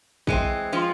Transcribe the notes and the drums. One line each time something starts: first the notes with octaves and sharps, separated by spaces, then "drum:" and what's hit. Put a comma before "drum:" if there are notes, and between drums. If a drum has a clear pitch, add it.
E3 G#3 C4, drum: kick A1
F3 F4